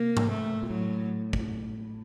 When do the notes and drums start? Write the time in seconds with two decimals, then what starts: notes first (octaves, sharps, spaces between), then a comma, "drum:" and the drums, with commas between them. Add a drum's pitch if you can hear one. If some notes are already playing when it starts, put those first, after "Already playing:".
Already playing: C3 A#3
0.17 drum: tom G#2
0.30 A3
0.63 A#2
0.70 A2 F#3
1.33 drum: kick